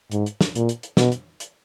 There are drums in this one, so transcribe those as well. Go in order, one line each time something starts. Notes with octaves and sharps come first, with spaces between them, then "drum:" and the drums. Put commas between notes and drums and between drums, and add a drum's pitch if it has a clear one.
G#2, drum: hi-hat
drum: hi-hat
drum: snare
A#2, drum: hi-hat
drum: hi-hat
drum: hi-hat
B2, drum: snare
drum: hi-hat
drum: hi-hat